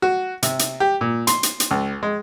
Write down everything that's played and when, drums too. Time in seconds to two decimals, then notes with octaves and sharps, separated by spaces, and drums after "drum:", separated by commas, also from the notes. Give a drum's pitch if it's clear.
0.02 F#4
0.43 C3, drum: hi-hat
0.59 drum: hi-hat
0.80 G4
1.01 A#2
1.27 C6, drum: hi-hat
1.43 drum: hi-hat
1.60 drum: hi-hat
1.71 C#2
2.03 G#3